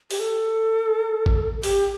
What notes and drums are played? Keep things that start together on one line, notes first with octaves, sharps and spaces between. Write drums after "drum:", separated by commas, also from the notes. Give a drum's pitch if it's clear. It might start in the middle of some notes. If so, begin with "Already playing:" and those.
G4, drum: open hi-hat
A4
drum: kick
G4, drum: open hi-hat